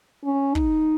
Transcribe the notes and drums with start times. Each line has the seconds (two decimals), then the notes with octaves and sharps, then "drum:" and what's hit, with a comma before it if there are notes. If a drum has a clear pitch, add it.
0.24 C#4
0.55 D#4, drum: kick